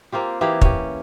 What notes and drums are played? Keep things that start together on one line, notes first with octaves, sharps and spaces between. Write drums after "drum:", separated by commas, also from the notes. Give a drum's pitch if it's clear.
A#3 C4 F4 G4
E3 A#3 G4 G#4
C#4 G4, drum: kick